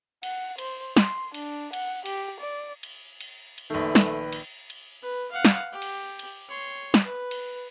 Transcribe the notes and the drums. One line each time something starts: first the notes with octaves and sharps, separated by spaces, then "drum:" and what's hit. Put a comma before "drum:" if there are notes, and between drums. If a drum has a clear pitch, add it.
F#5, drum: cymbal
C5, drum: cymbal
C6, drum: snare
D4, drum: cymbal
F#5, drum: cymbal
G4, drum: cymbal
D5
drum: cymbal
drum: cymbal
drum: cymbal
A#1 D#3 A3 B4
drum: snare
drum: cymbal
drum: cymbal
B4
F5 F#5
drum: snare
G4
drum: cymbal
drum: cymbal
C#5 C6
drum: snare
B4
drum: cymbal